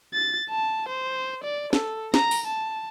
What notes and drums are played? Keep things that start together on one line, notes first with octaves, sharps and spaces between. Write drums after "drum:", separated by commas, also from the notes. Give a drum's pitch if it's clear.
A6
A5
C5
D5
A4, drum: snare
A#5, drum: snare
drum: open hi-hat
A5